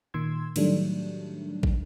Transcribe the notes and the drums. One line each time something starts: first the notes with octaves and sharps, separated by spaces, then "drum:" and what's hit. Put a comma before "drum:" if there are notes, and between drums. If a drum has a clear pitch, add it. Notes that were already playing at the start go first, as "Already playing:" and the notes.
A#2 D#3 C6 E6 G#6
A2 D#3 F#3 G3 A3 D4, drum: cymbal
drum: kick